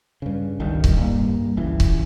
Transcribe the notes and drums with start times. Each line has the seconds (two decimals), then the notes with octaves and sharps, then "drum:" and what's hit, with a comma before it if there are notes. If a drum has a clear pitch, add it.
0.22 G2 C#3
0.60 G1 C#2 D#3 G3
0.84 drum: kick C#1
0.97 G2 G3 A#3
1.57 G1 C#2 E3
1.80 drum: kick C#1